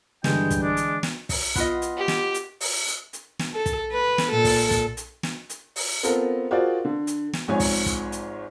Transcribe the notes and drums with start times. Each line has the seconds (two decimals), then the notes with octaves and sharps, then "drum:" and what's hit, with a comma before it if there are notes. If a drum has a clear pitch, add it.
0.24 G2 D3 E3 G#3 G5, drum: snare
0.50 drum: kick, hi-hat
0.62 G#3 D4
0.77 drum: hi-hat
1.03 drum: snare
1.29 drum: kick, open hi-hat
1.56 B3 F4 D#5, drum: kick, hi-hat
1.82 drum: hi-hat
1.97 G4
2.08 drum: snare
2.34 drum: hi-hat
2.61 drum: open hi-hat
2.87 drum: hi-hat
3.13 drum: hi-hat
3.39 drum: snare
3.54 A4
3.66 drum: kick, hi-hat
3.92 B4
4.18 drum: snare
4.32 A#2 A4
4.44 drum: kick, open hi-hat
4.71 drum: kick, hi-hat
4.97 drum: hi-hat
5.23 drum: snare
5.50 drum: hi-hat
5.76 drum: open hi-hat
6.03 B3 C4 F4 A4 A#4, drum: hi-hat
6.51 F4 F#4 G#4 A#4 C5 D5
6.85 D3
7.07 drum: hi-hat
7.33 drum: snare
7.48 G#1 G#2 F3 C#5 G#5
7.60 drum: kick, open hi-hat
7.86 drum: kick, hi-hat
8.12 drum: hi-hat